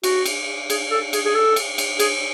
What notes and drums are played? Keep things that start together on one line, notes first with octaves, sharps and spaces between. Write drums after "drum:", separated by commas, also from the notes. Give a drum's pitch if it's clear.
F#4, drum: cymbal
drum: cymbal
G#4, drum: cymbal
A4
G#4, drum: cymbal
G#4
A4
drum: cymbal
drum: cymbal
G#4, drum: cymbal